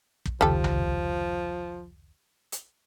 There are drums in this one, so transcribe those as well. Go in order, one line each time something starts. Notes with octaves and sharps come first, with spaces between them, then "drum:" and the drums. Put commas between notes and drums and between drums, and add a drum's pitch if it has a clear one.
drum: kick
F1 C#2 D#3 F3 G3 A4
drum: tom B1
drum: hi-hat